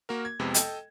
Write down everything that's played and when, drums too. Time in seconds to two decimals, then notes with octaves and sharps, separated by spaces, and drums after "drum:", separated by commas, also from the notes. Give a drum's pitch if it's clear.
0.09 A#3 F#4 A#4
0.25 G#6
0.39 F2 C3 G#3 B3
0.54 A4 D#5 G5, drum: hi-hat